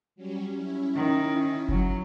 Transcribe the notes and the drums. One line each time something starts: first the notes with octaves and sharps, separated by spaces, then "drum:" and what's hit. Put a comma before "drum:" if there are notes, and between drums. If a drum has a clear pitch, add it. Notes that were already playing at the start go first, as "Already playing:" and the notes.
F#3 G3 C#4
C#4 E4
D#3
F#3, drum: kick F#1